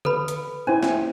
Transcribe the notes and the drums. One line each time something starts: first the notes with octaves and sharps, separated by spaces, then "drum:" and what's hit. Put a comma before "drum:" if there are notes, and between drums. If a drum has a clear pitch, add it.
A4 B4 B5, drum: tom D3
drum: hi-hat
C#4 E4 C5 G#5
C#4, drum: snare